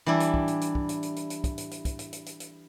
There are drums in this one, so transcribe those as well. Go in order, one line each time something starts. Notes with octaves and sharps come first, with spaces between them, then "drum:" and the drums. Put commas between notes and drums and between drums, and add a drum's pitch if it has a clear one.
E3 G3 D4 E4
drum: hi-hat
drum: kick
drum: hi-hat
drum: hi-hat
drum: kick
drum: hi-hat
drum: hi-hat
drum: hi-hat
drum: hi-hat
drum: kick, hi-hat
drum: hi-hat
drum: hi-hat
drum: kick, hi-hat
drum: hi-hat
drum: hi-hat
drum: hi-hat
drum: hi-hat